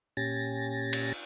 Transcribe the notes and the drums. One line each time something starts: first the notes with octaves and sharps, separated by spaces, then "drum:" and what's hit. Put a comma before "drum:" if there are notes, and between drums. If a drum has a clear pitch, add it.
A#2 C#4 G4 G#5 A6 A#6
drum: cymbal